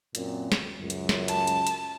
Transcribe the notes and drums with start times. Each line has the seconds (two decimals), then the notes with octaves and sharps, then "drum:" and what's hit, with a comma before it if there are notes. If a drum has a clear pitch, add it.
0.15 F#2 A#2 C4, drum: hi-hat
0.52 drum: snare
0.79 C#2 F#2
0.90 drum: hi-hat
1.09 drum: snare
1.28 A5, drum: hi-hat
1.47 drum: hi-hat
1.67 drum: hi-hat